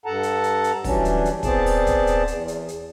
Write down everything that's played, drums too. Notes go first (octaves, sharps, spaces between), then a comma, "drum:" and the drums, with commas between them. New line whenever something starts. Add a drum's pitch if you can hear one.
G2 A4 F#5 A5 A#5
drum: hi-hat
drum: hi-hat
drum: hi-hat
E3 F#3 G3 C#4 D4, drum: kick, open hi-hat
drum: hi-hat
drum: hi-hat
B3 C4 G#4 D5 A5, drum: kick, hi-hat
drum: open hi-hat
drum: kick, hi-hat
drum: hi-hat
E2, drum: hi-hat
drum: hi-hat
drum: hi-hat